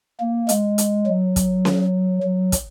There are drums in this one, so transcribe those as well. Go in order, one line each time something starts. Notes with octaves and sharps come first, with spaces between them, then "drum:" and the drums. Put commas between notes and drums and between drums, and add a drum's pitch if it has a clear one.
A#3
G#3, drum: hi-hat
drum: hi-hat
F#3
drum: kick, hi-hat
drum: snare C#4
F#3
drum: kick, hi-hat